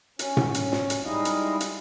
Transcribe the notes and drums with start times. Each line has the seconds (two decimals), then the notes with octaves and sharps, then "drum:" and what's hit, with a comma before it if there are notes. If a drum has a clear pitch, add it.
0.19 C#4, drum: hi-hat
0.37 drum: tom A2
0.54 drum: hi-hat
0.72 drum: snare
0.90 drum: hi-hat
1.05 G3 G#3 D#4 E4 D#5 F5
1.25 drum: hi-hat
1.60 drum: hi-hat